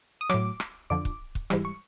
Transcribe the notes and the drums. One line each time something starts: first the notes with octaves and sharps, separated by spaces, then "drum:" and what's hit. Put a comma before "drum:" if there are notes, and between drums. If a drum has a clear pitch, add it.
D#6
A2 F#3 D6, drum: rim click
drum: rim click
F2 D3 F3 D6
drum: kick
drum: kick
G#2 E3 G3, drum: rim click
C#6